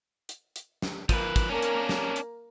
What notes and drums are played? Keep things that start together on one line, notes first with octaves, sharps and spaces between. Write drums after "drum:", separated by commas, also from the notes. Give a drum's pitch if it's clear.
drum: hi-hat
drum: hi-hat
drum: snare
F3 A#3 B4, drum: kick, hi-hat
drum: kick, hi-hat
A#3 C#4 D4 A#4
drum: hi-hat
drum: snare
drum: hi-hat